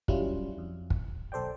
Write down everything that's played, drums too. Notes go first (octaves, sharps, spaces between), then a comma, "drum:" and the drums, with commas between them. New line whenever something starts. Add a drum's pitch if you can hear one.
F#3 G3 C#4 E4 F4, drum: kick
F2
drum: kick
B1 A4 C5 D5 G5